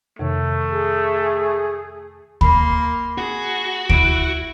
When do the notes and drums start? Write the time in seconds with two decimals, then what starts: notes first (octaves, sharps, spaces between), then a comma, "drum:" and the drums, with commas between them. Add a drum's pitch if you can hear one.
0.19 F2 C3 D#3 A3
0.70 G#4
2.41 A#3 B5 C6, drum: kick
3.18 F#4 G#4
3.90 E4 D7, drum: kick